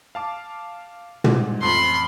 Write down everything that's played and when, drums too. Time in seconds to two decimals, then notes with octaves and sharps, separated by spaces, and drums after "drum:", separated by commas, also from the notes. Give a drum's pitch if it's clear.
0.15 F5 A5 D6
1.24 G#2 G3 G#3, drum: tom
1.61 A1 F2 F3 B5 C6